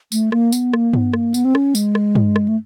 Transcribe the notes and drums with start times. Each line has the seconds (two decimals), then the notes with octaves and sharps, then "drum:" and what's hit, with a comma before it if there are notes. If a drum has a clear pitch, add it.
0.12 A3, drum: tambourine
0.32 A#3, drum: rim click
0.52 B3, drum: tambourine
0.73 A#3, drum: rim click
0.93 B3, drum: tom G2
1.13 A#3, drum: rim click
1.34 B3, drum: tambourine
1.45 C4
1.55 C#4, drum: rim click
1.75 G#3, drum: tambourine
1.95 drum: rim click
2.15 drum: tom G2
2.36 drum: rim click
2.48 A3